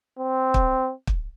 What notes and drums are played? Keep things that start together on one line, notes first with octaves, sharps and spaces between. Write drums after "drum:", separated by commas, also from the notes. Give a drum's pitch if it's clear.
C4
drum: kick
drum: kick